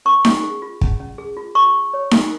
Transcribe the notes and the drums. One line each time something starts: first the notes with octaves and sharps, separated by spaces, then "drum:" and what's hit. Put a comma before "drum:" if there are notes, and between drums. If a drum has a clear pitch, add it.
C#4 C#6
C#4, drum: snare D#4
G#4
F4
C#4, drum: kick
C#4
G#4
F4
F4 C#6
F4
C#5
A#4, drum: snare D#4